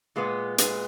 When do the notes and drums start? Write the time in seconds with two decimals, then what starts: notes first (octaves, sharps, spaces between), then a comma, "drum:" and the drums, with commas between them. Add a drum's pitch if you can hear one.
0.16 A#2 G#3 B3
0.58 A#2 G#3 B3, drum: hi-hat